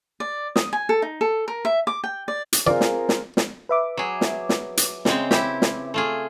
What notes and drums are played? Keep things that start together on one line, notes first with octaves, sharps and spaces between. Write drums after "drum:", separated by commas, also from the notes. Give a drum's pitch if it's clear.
D5
D#6, drum: snare
G#5
A4
D#4
A4
A#4
E5
D6
G5
D5
drum: hi-hat
C4 F4 G#4 A#4 D5
drum: snare
drum: snare
drum: snare
B4 E5 D6
F#3 G#4
drum: snare
drum: snare
drum: hi-hat
C#3 G#3 C4, drum: snare
E4 G4, drum: snare
drum: snare
A3 F4 G#4